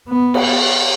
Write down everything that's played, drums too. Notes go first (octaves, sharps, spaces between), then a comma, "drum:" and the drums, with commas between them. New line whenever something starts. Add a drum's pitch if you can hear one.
B3
drum: cymbal